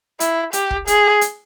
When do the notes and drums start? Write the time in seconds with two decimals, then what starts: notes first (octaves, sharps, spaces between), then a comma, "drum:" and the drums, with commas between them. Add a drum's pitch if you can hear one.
0.20 E4, drum: hi-hat
0.53 G4, drum: hi-hat
0.70 drum: kick
0.87 G#4, drum: hi-hat
1.21 drum: hi-hat